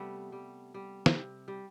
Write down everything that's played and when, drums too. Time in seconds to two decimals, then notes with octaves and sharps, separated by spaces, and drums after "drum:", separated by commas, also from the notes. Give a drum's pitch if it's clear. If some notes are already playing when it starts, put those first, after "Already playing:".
Already playing: C3 G3 A3 B3
0.32 G3
0.74 G3
1.06 drum: snare
1.15 C3
1.48 G3